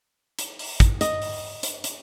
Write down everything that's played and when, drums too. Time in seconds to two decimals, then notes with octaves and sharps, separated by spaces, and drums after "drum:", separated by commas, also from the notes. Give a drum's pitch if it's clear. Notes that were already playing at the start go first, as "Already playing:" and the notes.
0.39 drum: hi-hat
0.59 drum: open hi-hat
0.80 drum: kick, hi-hat
1.01 D#5, drum: hi-hat
1.22 drum: open hi-hat
1.63 drum: hi-hat
1.84 drum: hi-hat